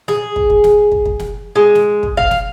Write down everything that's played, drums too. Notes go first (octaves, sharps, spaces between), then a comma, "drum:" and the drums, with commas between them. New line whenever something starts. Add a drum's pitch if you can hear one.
G#4, drum: snare
drum: kick
drum: kick
drum: snare
drum: kick
drum: kick
drum: snare
G#3
drum: snare
drum: kick
F5, drum: kick
drum: snare